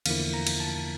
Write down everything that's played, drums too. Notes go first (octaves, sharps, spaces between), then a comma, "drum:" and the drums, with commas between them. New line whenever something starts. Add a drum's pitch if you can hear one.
E2 D3 F3 A#3 E4 F5, drum: cymbal
A#5
drum: cymbal
A5